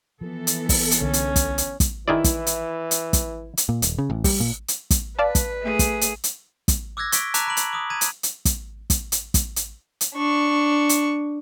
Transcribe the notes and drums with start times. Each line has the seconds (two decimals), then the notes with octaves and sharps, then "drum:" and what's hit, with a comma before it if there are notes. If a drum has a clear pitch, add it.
0.21 E3 F3 B3 A4
0.47 drum: hi-hat
0.69 drum: kick, open hi-hat
0.91 drum: hi-hat
1.01 C2 D3 C#4
1.13 drum: hi-hat
1.36 drum: kick, hi-hat
1.58 drum: hi-hat
1.80 drum: kick, hi-hat
2.08 D#3 E3 E4 G#4 D5
2.24 drum: kick, hi-hat
2.47 drum: hi-hat
2.91 drum: hi-hat
3.13 drum: kick, hi-hat
3.57 drum: hi-hat
3.69 A#2
3.82 D#1, drum: hi-hat
3.98 C#3
4.10 A1
4.24 G3, drum: kick, open hi-hat
4.40 A#2
4.68 drum: hi-hat
4.91 drum: kick, hi-hat
5.19 B4 D5 F5 A5
5.35 drum: kick, hi-hat
5.61 A3 G#4
5.79 drum: kick, hi-hat
6.01 drum: hi-hat
6.24 drum: hi-hat
6.68 drum: kick, hi-hat
6.97 D6 E6 F#6 G#6 A#6
7.12 C#6 B6 D7, drum: hi-hat
7.34 A5 A#5 D6 F#6 B6 F7, drum: hi-hat
7.47 B5 D7 F#7
7.57 drum: hi-hat
7.73 D6 D#6
7.90 A#5 G#6 D#7
8.01 drum: hi-hat
8.23 drum: hi-hat
8.45 drum: kick, hi-hat
8.90 drum: kick, hi-hat
9.12 drum: hi-hat
9.34 drum: kick, hi-hat
9.56 drum: hi-hat
10.01 drum: hi-hat
10.14 D4 C#6
10.89 drum: hi-hat